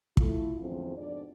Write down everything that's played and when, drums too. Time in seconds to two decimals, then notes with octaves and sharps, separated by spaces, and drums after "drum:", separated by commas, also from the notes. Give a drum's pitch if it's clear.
0.17 A3 E4 F4, drum: kick
0.60 E2 G#2 D3 F3 C4
0.97 F2 G#2 B2 D4 D5